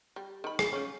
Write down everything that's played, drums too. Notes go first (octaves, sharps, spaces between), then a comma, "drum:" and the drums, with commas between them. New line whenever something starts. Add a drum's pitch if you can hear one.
G3
D#3 B5
G#4, drum: rim click
C#3 C#4